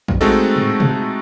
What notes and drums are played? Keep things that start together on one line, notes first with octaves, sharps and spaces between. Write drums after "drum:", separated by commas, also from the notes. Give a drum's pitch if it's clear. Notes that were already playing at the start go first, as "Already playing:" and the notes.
drum: kick A1
G#3 A3 C4 D#4 F#4 A4
drum: tom G#2
drum: tom